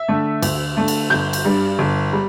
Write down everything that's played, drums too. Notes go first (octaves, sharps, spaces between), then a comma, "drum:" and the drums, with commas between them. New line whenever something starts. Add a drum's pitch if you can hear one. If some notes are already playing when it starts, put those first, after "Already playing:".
Already playing: E5
D3 A3
D2, drum: cymbal
D3 A3
drum: cymbal
G1 G6
drum: cymbal
G2 G3
G1
G3